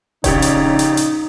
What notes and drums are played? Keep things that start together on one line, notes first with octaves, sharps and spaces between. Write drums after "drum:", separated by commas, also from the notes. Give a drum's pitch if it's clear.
A#1 C#3 D#4 G4 C#5, drum: kick D#1, hi-hat
drum: hi-hat
drum: hi-hat
drum: hi-hat